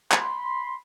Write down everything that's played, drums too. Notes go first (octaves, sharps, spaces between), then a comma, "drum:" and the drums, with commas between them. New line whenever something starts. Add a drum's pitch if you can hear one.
B5 C6, drum: clap